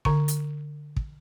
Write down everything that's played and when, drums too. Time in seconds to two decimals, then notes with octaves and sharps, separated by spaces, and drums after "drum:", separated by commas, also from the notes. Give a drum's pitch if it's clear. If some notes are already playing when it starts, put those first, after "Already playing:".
0.05 D3 C#6, drum: kick
0.28 drum: hi-hat
0.96 drum: kick